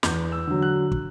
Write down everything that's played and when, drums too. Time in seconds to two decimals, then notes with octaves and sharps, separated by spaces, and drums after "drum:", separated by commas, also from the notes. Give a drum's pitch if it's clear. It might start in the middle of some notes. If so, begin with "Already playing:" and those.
0.03 E2 G6, drum: snare
0.32 E6
0.47 D3 F#3
0.62 F#6
0.92 drum: kick